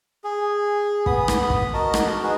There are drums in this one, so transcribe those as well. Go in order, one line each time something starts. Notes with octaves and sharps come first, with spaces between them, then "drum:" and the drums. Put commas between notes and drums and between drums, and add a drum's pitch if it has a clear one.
G#4
B3 B5 D#6, drum: kick
drum: rim click
drum: kick
F#4 A#4 D#5 A5
drum: rim click
D#4 F#4 G#4 B4